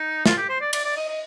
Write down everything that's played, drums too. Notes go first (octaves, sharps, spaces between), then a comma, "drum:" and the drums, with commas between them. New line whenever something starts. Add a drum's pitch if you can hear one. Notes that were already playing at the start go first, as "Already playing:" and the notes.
Already playing: D#4
F4, drum: snare
G4
C5
D5
D5, drum: cymbal
D5
D#5
D#5